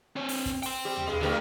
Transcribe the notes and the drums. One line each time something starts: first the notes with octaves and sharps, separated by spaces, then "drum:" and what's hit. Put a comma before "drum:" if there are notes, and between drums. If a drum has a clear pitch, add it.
C4 C#5
drum: open hi-hat
drum: kick, hi-hat
G5 C6, drum: open hi-hat
G3 G4
drum: tom D#2
G2 G#3
E2 D3 A3 G4 A#4